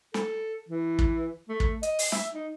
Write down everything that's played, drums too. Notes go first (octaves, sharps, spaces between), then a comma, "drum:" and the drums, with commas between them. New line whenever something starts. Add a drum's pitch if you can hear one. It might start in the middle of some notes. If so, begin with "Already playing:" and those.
A4, drum: snare
E3
drum: kick
A3
drum: kick
D#5, drum: hi-hat
drum: open hi-hat
E5, drum: snare
D#4